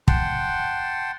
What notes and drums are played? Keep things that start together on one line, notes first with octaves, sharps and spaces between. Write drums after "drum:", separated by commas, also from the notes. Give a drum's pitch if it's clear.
F#5 G5 A5 C6, drum: kick